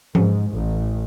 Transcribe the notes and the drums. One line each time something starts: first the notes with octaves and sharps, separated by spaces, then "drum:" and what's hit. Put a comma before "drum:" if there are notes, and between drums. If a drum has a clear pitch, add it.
G#2, drum: tom F3
A1